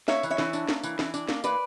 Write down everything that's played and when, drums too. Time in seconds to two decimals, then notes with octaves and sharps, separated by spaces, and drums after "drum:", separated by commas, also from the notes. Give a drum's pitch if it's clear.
0.08 A#3 C#5 E5, drum: snare
0.23 E3, drum: tambourine
0.30 C#5 E5
0.38 E3, drum: snare
0.53 D4, drum: tambourine
0.69 A#3, drum: snare
0.83 E3, drum: tambourine
0.99 E3, drum: snare
1.14 D4, drum: tambourine
1.29 A#3, drum: snare
1.44 E3 B4 D5, drum: tambourine